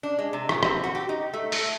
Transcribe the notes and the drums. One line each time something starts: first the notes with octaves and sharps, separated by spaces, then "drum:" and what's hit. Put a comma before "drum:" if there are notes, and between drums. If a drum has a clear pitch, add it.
D4
G#3
C3
A#2, drum: rim click
C4, drum: rim click
F#4
G4
D#4
A3
A3, drum: open hi-hat